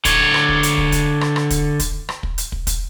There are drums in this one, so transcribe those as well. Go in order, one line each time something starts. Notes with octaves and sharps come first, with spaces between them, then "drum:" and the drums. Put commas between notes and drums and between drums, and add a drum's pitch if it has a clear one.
D3 C#5, drum: kick, hi-hat
drum: rim click
drum: kick
drum: hi-hat
drum: kick
drum: kick, hi-hat
drum: rim click
drum: rim click
drum: kick, hi-hat
drum: kick, hi-hat
drum: rim click
drum: kick
drum: hi-hat
drum: kick
drum: kick, hi-hat